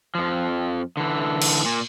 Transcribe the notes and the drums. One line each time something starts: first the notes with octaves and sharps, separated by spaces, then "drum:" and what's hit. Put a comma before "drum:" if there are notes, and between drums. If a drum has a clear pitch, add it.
F2 F3
D3 E3
drum: cymbal
A#2